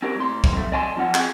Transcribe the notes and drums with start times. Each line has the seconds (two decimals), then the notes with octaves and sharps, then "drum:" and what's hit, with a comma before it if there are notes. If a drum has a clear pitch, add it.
0.02 C4 C#4 G4 A#4 D5
0.17 A2 C6
0.44 drum: kick
0.53 F2 A3
0.72 D5 D#5 G#5 A5 C6
0.97 F3 C4 F4 F#5
1.14 G#4 F#5 G5, drum: clap